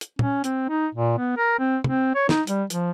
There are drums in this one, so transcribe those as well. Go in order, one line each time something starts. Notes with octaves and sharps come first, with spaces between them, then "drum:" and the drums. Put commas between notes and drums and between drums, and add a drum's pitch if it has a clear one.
drum: hi-hat
C#4, drum: tom
C4, drum: hi-hat
D#4
A#2
B3
A#4
C4
C4, drum: tom
C#5
D#4, drum: snare
G3, drum: hi-hat
F3, drum: hi-hat